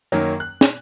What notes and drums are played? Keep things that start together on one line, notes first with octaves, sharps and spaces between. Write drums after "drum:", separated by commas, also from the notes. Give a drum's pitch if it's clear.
F#2 D#3 F#3 A#3 C#4
F#6
drum: snare